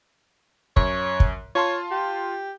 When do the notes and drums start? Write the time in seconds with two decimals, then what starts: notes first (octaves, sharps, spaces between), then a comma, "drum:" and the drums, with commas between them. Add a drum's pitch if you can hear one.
0.76 F#2 C#5, drum: kick
1.20 drum: kick
1.55 F4 C#5 A5 C6
1.91 G4